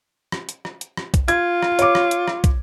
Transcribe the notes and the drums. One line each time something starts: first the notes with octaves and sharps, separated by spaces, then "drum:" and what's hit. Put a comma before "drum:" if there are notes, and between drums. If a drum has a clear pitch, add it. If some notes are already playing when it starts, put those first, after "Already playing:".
drum: rim click
drum: hi-hat
drum: rim click
drum: hi-hat
drum: rim click
drum: kick, hi-hat
F4 G#6, drum: hi-hat
drum: rim click
C#5 D6, drum: hi-hat
drum: rim click
drum: hi-hat
drum: rim click
drum: kick, hi-hat